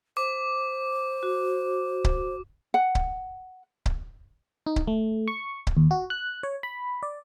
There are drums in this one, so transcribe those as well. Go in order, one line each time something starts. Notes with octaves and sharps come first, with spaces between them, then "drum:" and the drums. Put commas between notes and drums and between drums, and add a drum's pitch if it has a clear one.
C5 D6
F#4
drum: kick C#1
F#5
drum: kick C#1
drum: kick C#1
D#4
drum: kick C#1
A3
C#6
drum: kick C#1
D#2
F#4
F#6
C#5
B5
D5